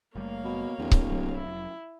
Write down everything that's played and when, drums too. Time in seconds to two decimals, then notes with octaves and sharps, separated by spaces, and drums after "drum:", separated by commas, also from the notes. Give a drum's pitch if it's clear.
0.16 F#1 G3 A3 A#3 C#5 F5
0.44 B2
0.79 D1 E2
0.91 drum: kick C#1
1.07 F1 F#3
1.36 E4